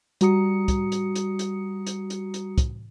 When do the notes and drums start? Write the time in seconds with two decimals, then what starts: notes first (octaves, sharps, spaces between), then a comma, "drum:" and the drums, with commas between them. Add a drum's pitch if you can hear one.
0.21 G3 F#4 A#5 D#6 C#7, drum: hi-hat
0.68 drum: kick, hi-hat
0.92 drum: hi-hat
1.16 drum: hi-hat
1.39 drum: hi-hat
1.87 drum: hi-hat
2.10 drum: hi-hat
2.34 drum: hi-hat
2.58 drum: kick, hi-hat